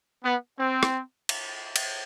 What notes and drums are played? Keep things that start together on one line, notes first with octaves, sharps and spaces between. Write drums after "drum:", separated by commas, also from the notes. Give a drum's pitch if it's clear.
B3
C4
drum: rim click
drum: cymbal
drum: cymbal